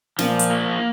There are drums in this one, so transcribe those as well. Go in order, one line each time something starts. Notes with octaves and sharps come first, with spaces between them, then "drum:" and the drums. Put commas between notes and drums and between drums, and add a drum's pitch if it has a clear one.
A#2 F3, drum: snare
drum: hi-hat
A#3